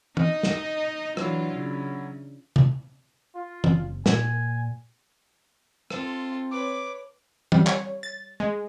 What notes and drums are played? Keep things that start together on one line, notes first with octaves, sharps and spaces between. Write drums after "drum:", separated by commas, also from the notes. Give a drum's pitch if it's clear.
D#4 D#5, drum: tom
drum: snare
E3 F#3 D4 E4 F4, drum: rim click
C#3
drum: tom
F4
F#1, drum: tom
A#2 G#5, drum: snare
C4 F4 A4, drum: rim click
B4 C#5 D6
G3, drum: tom
C#5, drum: clap
A6
G#3